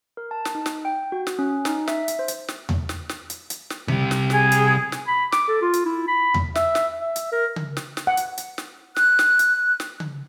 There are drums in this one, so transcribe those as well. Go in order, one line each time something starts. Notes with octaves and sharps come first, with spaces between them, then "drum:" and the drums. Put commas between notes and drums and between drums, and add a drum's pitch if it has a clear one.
A#4
A5
drum: snare
D#4
drum: snare
G5
F#4
drum: snare
C#4
D#4, drum: snare
E5, drum: snare
drum: hi-hat
C5
drum: hi-hat
drum: snare
drum: tom E2
drum: snare
drum: snare
drum: hi-hat
drum: hi-hat
drum: snare
C3 G3, drum: tom C#3
drum: snare
G#4, drum: snare
drum: hi-hat
drum: snare
B5
D6, drum: snare
A4
F4
drum: hi-hat
E4
B5
drum: tom E2
E5, drum: snare
drum: snare
E5
drum: hi-hat
A#4
drum: tom C#3
drum: snare
drum: snare
F#5
drum: hi-hat
drum: hi-hat
drum: snare
F#6, drum: snare
drum: snare
drum: hi-hat
drum: snare
drum: tom C#3